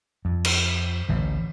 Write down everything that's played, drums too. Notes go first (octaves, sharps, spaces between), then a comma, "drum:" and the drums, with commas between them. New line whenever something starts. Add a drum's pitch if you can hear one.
F2
drum: cymbal
A1 D2